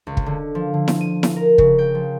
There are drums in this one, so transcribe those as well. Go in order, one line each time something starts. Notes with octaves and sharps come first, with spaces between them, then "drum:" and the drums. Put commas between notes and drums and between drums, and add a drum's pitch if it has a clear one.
C#2
drum: kick
D3
F3
D3
drum: snare E4
D#7
drum: snare E4
A#4
C#3, drum: kick
G5
F3